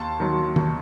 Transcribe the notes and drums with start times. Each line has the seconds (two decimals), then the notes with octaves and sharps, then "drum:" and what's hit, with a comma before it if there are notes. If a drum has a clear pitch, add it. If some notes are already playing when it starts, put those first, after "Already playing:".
Already playing: D#2 A5 C6
0.20 D#3 F#3
0.56 D#2, drum: tom